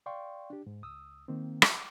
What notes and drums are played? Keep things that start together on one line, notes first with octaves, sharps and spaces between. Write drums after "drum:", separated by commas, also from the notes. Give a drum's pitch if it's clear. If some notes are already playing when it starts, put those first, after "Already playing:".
D5 F5 G5 C6 C#6
D4 G4
G#2
C#2 D#6 E6
D#3 A#3 C4
D6, drum: rim click